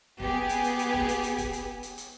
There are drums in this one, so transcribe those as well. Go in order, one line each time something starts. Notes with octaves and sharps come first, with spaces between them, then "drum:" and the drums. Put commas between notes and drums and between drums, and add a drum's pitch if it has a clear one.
B3 G4 G#4, drum: kick
drum: hi-hat
drum: hi-hat
drum: hi-hat
drum: snare E1
drum: hi-hat
drum: hi-hat
drum: kick, hi-hat
drum: hi-hat
drum: hi-hat
drum: hi-hat